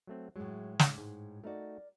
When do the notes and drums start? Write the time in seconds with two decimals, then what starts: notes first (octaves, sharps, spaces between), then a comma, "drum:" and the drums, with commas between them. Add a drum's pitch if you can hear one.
0.07 F#3 A3 C4
0.36 A2 F#3 G#3
0.79 drum: snare
0.98 G#2
1.44 A3 D#4 F#4 A#4 D5